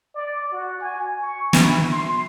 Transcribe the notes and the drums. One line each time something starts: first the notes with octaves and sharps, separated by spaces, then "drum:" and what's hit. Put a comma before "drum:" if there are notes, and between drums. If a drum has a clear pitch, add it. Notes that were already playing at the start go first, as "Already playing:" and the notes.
D5
F#4
G#5
C#6
E4, drum: snare
C6